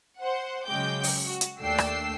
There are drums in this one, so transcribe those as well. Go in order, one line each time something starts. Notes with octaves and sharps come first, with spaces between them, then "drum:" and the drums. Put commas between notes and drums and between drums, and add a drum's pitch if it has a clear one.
C5 F#5
C#3 F#3 G#3 G5 D6 G6
drum: open hi-hat
F#4
drum: hi-hat
D#2 A3 D4 G5 E6 C7
drum: rim click